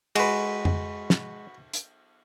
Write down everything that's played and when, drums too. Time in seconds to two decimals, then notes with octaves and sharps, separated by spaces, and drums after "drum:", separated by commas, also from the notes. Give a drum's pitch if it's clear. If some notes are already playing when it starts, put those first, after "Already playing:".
0.16 G#3 F#4 B4, drum: cymbal
0.65 drum: tom F2
1.10 drum: snare
1.74 drum: hi-hat